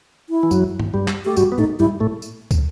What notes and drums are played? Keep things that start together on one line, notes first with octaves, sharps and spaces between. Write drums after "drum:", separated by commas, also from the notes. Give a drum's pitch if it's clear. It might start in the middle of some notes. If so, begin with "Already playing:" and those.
E4
E3
F#2 F#3, drum: tambourine
drum: tom
G2 G3
drum: clap
A3 G4
G2 G3 F#4, drum: tambourine
B3
A2 A3 D#4
G2 G3 E4
A2 A3
drum: tambourine
drum: kick, tambourine